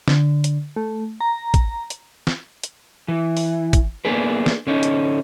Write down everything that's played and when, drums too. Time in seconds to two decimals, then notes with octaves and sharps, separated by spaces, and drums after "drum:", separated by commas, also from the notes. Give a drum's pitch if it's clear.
0.08 D3, drum: snare
0.44 drum: hi-hat
0.76 A3
1.21 A#5
1.54 drum: kick A1, hi-hat
1.90 drum: hi-hat
2.27 drum: snare
2.63 drum: hi-hat
3.08 E3
3.37 drum: open hi-hat
3.73 drum: kick A1, hi-hat
4.05 A#3 B3 D4 G#4 B4
4.46 drum: snare
4.67 D3 C#4 D#4
4.83 drum: hi-hat